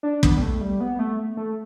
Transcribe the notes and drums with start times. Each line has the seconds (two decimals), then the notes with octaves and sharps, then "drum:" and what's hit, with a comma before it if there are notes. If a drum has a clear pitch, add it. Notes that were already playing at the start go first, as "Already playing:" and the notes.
0.03 D4
0.23 B3, drum: kick
0.37 G3
0.42 A3
0.61 G3
0.80 B3
0.99 A3
1.37 A3